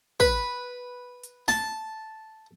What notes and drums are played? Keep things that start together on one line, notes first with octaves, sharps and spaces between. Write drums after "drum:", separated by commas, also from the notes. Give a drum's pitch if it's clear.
B4, drum: kick
drum: hi-hat
A5, drum: snare